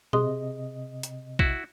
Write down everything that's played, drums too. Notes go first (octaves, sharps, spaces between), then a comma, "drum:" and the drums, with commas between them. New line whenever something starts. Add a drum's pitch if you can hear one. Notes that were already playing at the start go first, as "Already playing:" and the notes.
C3 G#4 D#5 C6 D#6, drum: tom B2
drum: hi-hat
E4 F#4, drum: kick